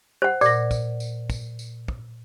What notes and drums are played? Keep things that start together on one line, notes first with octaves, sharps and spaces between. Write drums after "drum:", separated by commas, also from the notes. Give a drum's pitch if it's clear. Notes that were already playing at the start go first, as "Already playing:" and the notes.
C5 F#5
A#2 D5 A#6, drum: tambourine
drum: kick, tambourine
drum: tambourine
drum: kick, tambourine
drum: tambourine
drum: kick